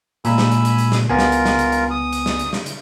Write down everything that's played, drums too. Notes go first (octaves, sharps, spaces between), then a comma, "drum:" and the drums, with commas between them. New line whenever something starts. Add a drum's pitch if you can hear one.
A#2 G#3 G#5 B5 E6, drum: hi-hat
drum: snare
drum: hi-hat
drum: hi-hat
drum: hi-hat
drum: snare
C#2 B3 F4 A#4 G#5
drum: snare
drum: hi-hat
drum: snare
drum: hi-hat
drum: hi-hat
D#6
drum: hi-hat
drum: snare
drum: hi-hat
drum: snare
drum: hi-hat